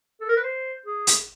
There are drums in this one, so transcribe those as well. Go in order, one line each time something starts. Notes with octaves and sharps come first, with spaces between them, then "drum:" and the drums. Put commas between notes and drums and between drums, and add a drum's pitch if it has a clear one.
A4
A#4
B4
C5
G#4
drum: hi-hat